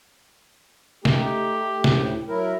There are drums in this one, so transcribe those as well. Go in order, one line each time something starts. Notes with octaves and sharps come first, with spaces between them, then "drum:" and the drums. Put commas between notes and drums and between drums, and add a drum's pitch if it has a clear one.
A3 D#4 G4, drum: snare
D2 A2 G5, drum: snare
F#3 E4 A#4